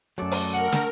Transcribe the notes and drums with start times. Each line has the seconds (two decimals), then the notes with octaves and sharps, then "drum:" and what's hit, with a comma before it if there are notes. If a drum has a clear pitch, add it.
0.18 F#2 F#3 A3 A4 D5, drum: hi-hat
0.32 drum: open hi-hat
0.53 A#4 F#5
0.72 drum: snare